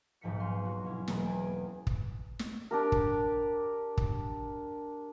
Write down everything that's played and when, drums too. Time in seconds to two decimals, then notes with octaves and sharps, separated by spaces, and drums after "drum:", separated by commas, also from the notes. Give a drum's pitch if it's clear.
0.21 D#1 B1 G#2 F3 B6 C#7
0.40 F5 G#5 C6 F6
0.65 F#3 F#4
0.85 B2 C#4 E4
1.08 E1 E2 G#3 A#3 B5, drum: snare
1.25 G5 G#5 B5
1.87 drum: kick
2.39 drum: snare
2.71 D4 G4 A#4
2.92 drum: kick
3.97 drum: kick